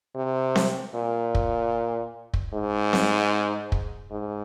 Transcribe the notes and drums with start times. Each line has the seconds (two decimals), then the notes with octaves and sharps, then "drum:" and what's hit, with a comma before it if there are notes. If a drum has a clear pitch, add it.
0.16 C3
0.56 drum: snare C4
0.95 A#2
1.35 drum: kick
2.34 drum: kick
2.53 G#2
2.93 drum: snare C4
3.72 drum: kick
4.11 G#2